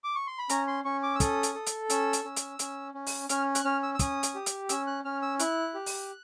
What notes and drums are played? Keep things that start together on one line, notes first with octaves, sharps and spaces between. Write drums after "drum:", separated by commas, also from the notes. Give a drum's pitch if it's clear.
D6
C#6
C6
B5
C#4 A#5, drum: hi-hat
C6
C#4 C#6
D6
E6
A4 D#6, drum: kick, hi-hat
drum: hi-hat
A4
drum: hi-hat
C#4 E6, drum: hi-hat
drum: hi-hat
C#4
drum: hi-hat
C#4, drum: hi-hat
C#4
drum: open hi-hat
C#4 F6, drum: hi-hat
F#6, drum: hi-hat
C#4 F6
E6
E6
C#4 D#6, drum: kick, hi-hat
drum: hi-hat
G4
drum: hi-hat
C#4 E6, drum: hi-hat
F#6
C#4 F6
E6
E4 F#6, drum: hi-hat
G4
drum: open hi-hat